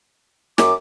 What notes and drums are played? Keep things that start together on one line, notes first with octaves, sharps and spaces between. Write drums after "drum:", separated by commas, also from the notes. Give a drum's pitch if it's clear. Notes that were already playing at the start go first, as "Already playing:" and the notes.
F#2 D6, drum: snare